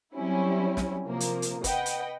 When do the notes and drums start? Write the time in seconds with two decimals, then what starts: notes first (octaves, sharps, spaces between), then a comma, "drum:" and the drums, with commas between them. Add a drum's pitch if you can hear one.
0.14 F#3 G3 C4 C#4 E4
0.77 drum: snare
1.05 C3 F3 A#3
1.20 drum: hi-hat
1.42 drum: hi-hat
1.64 B4 D#5 F#5 G5, drum: kick, hi-hat
1.86 drum: hi-hat